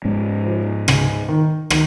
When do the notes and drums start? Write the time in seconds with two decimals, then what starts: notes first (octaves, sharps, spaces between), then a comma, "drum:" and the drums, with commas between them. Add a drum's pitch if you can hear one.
0.05 G#2 G#3 C#4
0.45 F3
0.88 C#3, drum: rim click
1.29 D#3
1.70 D#3, drum: rim click